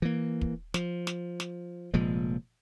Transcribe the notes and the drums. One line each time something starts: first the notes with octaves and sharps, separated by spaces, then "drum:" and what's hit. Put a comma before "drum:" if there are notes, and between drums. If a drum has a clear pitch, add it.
E3 A#3
drum: kick
F3, drum: snare
drum: snare
drum: snare
F1 A#2 F3 G#3